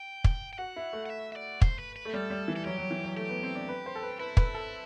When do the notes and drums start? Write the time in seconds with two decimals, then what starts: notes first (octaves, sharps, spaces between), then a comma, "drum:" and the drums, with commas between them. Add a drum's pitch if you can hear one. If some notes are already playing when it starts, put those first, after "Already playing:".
Already playing: G5
0.24 drum: kick
0.53 G5
0.58 F#4 F#5
0.76 E4
0.93 A3
1.06 F#5
1.10 E5
1.32 E5
1.36 D5
1.62 C5, drum: kick
1.79 B4
1.96 B4
2.05 A3
2.10 G4
2.14 G3 A4
2.30 G3
2.48 E3
2.56 A4
2.65 F#3 G4
2.78 F#3
2.91 E3
3.04 F#3
3.16 A3 G4
3.29 B3
3.43 C4
3.55 D4
3.69 B4
3.86 C5
3.95 A4
4.03 B4
4.20 E4 B4
4.37 B4, drum: kick
4.54 A4